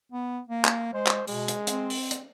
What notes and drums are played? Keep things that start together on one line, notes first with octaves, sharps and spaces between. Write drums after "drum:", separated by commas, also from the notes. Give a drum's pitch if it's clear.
B3
A#3
drum: clap
G#3 C5
drum: clap
B2 G#3, drum: open hi-hat
drum: hi-hat
C4, drum: hi-hat
drum: open hi-hat
drum: hi-hat